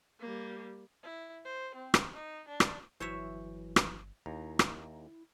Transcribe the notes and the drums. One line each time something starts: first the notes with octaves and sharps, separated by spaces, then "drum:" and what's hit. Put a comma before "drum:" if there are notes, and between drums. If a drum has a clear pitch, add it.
G3 A#3
E4
C5
C4
drum: rim click
D#4
D4
drum: rim click
G1 E3 F#3 C5 C#5 E5
drum: rim click
D#2 E4 A#5
drum: rim click